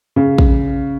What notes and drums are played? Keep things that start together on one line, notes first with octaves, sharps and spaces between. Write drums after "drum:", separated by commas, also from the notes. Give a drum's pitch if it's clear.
C#3
drum: kick